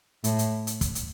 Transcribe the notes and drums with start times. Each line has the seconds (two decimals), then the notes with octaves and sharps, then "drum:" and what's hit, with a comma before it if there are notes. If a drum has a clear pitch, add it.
0.24 A2, drum: hi-hat
0.39 drum: hi-hat
0.67 drum: hi-hat
0.81 drum: kick, hi-hat
0.95 drum: hi-hat